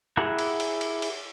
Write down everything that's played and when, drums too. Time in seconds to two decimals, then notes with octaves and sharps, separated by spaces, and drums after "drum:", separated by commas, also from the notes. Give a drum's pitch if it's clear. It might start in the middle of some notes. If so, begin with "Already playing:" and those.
0.17 E4 G4 G#4 A#4 F#5
0.39 drum: cymbal
0.60 drum: cymbal
0.81 drum: cymbal
1.02 drum: cymbal